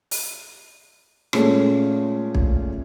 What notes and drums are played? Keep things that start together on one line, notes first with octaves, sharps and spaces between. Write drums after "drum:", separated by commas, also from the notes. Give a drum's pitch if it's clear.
drum: open hi-hat
A#2 G#3 A3 C#4, drum: rim click
drum: kick